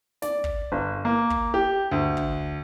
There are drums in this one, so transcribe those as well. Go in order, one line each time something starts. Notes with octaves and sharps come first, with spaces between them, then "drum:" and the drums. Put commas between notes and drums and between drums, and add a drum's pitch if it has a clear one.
D5, drum: snare
drum: kick
G1
A#3
drum: kick
G4
D2
drum: kick